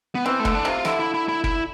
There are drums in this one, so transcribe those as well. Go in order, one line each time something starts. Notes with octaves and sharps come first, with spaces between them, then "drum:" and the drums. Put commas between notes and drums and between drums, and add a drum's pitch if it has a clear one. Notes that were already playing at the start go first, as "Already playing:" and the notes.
B3
E3 C4
A3
D3, drum: kick
D4
C3 F4
D3 E4, drum: snare
E4
E4
E4
E4, drum: kick